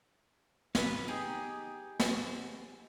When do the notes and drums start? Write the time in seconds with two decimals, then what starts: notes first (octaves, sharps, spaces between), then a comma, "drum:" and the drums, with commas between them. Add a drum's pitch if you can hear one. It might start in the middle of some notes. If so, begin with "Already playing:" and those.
0.75 B3 B4, drum: snare
1.08 D#4 G4 G#4
2.00 drum: snare